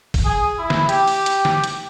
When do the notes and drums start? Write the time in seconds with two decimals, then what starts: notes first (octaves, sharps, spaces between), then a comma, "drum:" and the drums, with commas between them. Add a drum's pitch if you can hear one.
0.14 drum: kick, open hi-hat
0.24 G#4
0.59 E4
0.70 drum: snare
0.89 G4, drum: hi-hat
1.08 drum: open hi-hat
1.26 drum: hi-hat
1.45 drum: snare
1.64 drum: hi-hat